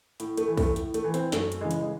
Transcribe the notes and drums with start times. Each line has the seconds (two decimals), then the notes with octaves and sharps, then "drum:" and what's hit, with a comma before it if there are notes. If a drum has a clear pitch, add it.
0.20 A2, drum: hi-hat
0.37 A3, drum: hi-hat
0.47 E3
0.57 A3, drum: kick, open hi-hat
0.76 A2, drum: hi-hat
0.94 A3, drum: hi-hat
1.04 E3
1.14 C4, drum: hi-hat
1.32 F#2 A3, drum: snare
1.52 drum: hi-hat
1.61 C#3 E3 G#3
1.71 drum: hi-hat
1.82 G#3